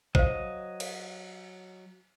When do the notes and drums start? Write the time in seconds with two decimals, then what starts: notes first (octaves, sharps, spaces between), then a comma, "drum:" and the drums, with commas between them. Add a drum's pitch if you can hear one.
0.15 F#3 C5 D#5 F5, drum: kick
0.80 drum: cymbal